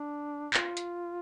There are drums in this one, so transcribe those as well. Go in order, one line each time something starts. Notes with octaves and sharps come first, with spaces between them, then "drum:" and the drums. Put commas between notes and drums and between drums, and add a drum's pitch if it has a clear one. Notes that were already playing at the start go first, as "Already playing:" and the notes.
Already playing: D4
F4, drum: clap
drum: hi-hat